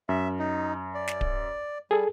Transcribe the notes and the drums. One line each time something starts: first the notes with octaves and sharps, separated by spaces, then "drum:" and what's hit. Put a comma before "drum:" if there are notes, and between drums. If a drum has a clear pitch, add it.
F#2 E5
D#4
D5
drum: snare
drum: kick D1
G3 G#4 A4